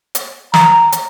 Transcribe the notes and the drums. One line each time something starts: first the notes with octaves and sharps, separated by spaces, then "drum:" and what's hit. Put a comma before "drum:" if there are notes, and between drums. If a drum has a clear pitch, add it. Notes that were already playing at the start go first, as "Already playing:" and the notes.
drum: hi-hat
A#5, drum: snare
drum: hi-hat